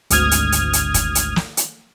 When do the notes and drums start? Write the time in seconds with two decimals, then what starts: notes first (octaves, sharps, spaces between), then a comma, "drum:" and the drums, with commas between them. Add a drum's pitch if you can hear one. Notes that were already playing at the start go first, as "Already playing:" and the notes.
0.10 G#1 D2 D#6 F6 G#6, drum: hi-hat
0.31 drum: hi-hat
0.52 drum: hi-hat
0.73 drum: hi-hat
0.94 drum: kick, hi-hat
1.15 drum: hi-hat
1.36 drum: snare
1.57 drum: hi-hat